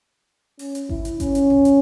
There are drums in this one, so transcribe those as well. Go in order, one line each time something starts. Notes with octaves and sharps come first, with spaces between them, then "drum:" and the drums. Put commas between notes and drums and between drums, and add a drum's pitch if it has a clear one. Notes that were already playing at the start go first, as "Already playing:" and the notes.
C#4, drum: open hi-hat
drum: hi-hat
E4, drum: kick G#1
drum: hi-hat
C#4, drum: kick G#1, hi-hat
drum: hi-hat
drum: tom G#2
drum: hi-hat